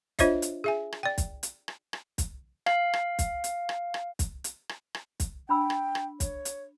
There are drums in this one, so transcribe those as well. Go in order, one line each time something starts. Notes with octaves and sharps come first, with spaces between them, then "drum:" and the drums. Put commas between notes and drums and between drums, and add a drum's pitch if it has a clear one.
D4 F4 C5 C#5 D#5 E5, drum: kick, hi-hat
drum: hi-hat
G#4 E5 G#5
drum: rim click
D5 G5
drum: kick, hi-hat
drum: hi-hat
drum: rim click
drum: rim click
drum: kick, hi-hat
F5, drum: rim click
drum: rim click
drum: kick, hi-hat
drum: hi-hat
drum: rim click
drum: rim click
drum: kick, hi-hat
drum: hi-hat
drum: rim click
drum: rim click
drum: kick, hi-hat
D4 G5 B5 E6
drum: rim click
drum: rim click
C#5, drum: kick, hi-hat
drum: hi-hat